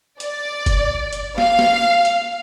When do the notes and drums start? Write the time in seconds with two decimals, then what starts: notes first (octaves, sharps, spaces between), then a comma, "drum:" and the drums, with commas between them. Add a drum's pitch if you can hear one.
0.20 D5, drum: hi-hat
0.66 drum: kick F#1, hi-hat
1.13 drum: hi-hat
1.38 F5, drum: snare
1.59 drum: snare
2.05 drum: hi-hat